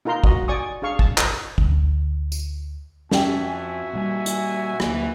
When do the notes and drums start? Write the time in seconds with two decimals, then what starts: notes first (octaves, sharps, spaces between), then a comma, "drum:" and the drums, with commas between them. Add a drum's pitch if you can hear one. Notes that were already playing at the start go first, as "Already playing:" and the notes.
0.05 D#4 F4 A#4 A#5 C6
0.24 F#4 D#5 C6, drum: kick
0.48 D5 G#5 C#6 D#6
0.82 D4 G#4 F5 C#6
0.99 A5, drum: kick
1.18 drum: clap
1.58 D2, drum: kick
2.32 drum: tambourine
3.11 F2 C#4 F#4 E5 G5 G#5, drum: snare
3.93 A#2 G3
4.26 drum: hi-hat
4.80 D2 E3 F#3 A#3, drum: rim click